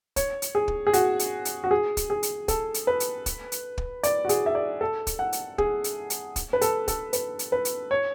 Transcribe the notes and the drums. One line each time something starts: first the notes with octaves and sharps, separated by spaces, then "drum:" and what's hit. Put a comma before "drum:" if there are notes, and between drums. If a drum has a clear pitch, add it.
C#5, drum: kick, hi-hat
drum: hi-hat
G#4
drum: kick
G#4
F#4, drum: hi-hat
drum: hi-hat
drum: hi-hat
F#4
G#4
drum: kick, hi-hat
G#4
drum: hi-hat
A4, drum: kick, hi-hat
drum: hi-hat
B4
drum: hi-hat
drum: kick, hi-hat
drum: hi-hat
drum: kick
D5, drum: hi-hat
F#4
G#4, drum: hi-hat
E5
D5
A4
drum: kick, hi-hat
F#5
drum: hi-hat
G#4, drum: kick
drum: hi-hat
drum: hi-hat
drum: kick, hi-hat
B4
A4, drum: hi-hat
A4, drum: kick, hi-hat
B4, drum: hi-hat
drum: hi-hat
B4
drum: hi-hat
C#5